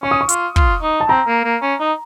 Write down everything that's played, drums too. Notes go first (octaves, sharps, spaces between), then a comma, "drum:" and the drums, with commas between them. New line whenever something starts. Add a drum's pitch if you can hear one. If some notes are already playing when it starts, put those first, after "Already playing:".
C#4 C#6
D#6
C#6
F4, drum: hi-hat
F4, drum: kick
D#4
A5
C4 A#5
A#3
A#3
C#4
D#4